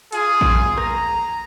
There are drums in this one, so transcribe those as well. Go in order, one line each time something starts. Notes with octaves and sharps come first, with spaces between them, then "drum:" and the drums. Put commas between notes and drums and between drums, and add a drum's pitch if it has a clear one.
F4 G#4, drum: hi-hat
drum: kick A1
A#5, drum: rim click